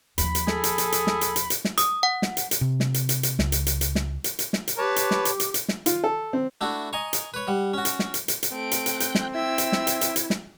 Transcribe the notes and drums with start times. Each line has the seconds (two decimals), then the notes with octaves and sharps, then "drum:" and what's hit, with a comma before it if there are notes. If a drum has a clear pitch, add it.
0.18 D#2 F3 B5, drum: hi-hat
0.35 drum: hi-hat
0.47 G#4 A4, drum: snare
0.64 drum: hi-hat
0.78 drum: hi-hat
0.92 drum: hi-hat
1.07 drum: snare
1.21 drum: hi-hat
1.36 drum: hi-hat
1.50 drum: hi-hat
1.65 drum: snare
1.78 D#6, drum: hi-hat
2.03 F#5
2.22 drum: snare
2.37 drum: hi-hat
2.51 drum: hi-hat
2.61 C3
2.80 drum: snare
2.94 drum: hi-hat
3.09 drum: hi-hat
3.23 drum: hi-hat
3.39 C#2, drum: snare
3.52 drum: hi-hat
3.67 drum: hi-hat
3.81 drum: hi-hat
3.95 drum: snare
4.24 drum: hi-hat
4.39 drum: hi-hat
4.53 drum: snare
4.68 drum: hi-hat
4.78 G4 B4 C#5 A5 D6
4.96 drum: hi-hat
5.11 drum: snare
5.25 drum: hi-hat
5.40 drum: hi-hat
5.54 drum: hi-hat
5.68 drum: snare
5.86 F4, drum: hi-hat
6.04 A4
6.33 C4
6.61 A3 D4 E4 F#4
6.93 D#5 G#5 A#5 C#6
7.13 drum: hi-hat
7.34 B4 C#5
7.47 G3 F#5
7.73 C#4 F#4
7.85 drum: hi-hat
7.99 drum: snare
8.14 drum: hi-hat
8.28 drum: hi-hat
8.43 drum: hi-hat
8.52 A3 C4 D7
8.71 drum: hi-hat
8.86 G5 F#6 G6, drum: hi-hat
9.00 drum: hi-hat
9.15 drum: snare
9.35 E4 E5 G5 E6
9.58 drum: hi-hat
9.72 drum: snare
9.87 drum: hi-hat
10.01 drum: hi-hat
10.16 drum: hi-hat
10.30 drum: snare